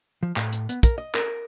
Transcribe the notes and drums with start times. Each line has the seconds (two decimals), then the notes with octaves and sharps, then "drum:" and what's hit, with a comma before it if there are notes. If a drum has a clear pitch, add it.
0.23 F3
0.36 A2, drum: clap
0.52 drum: hi-hat
0.69 B3, drum: hi-hat
0.83 A#4, drum: kick, hi-hat
0.98 D#5
1.15 A#4, drum: clap